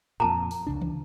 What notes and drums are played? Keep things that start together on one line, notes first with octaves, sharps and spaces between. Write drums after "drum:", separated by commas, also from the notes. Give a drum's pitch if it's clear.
F2 A#2 A5 A#5
drum: open hi-hat
C#2 C#3 D4
drum: tom D#3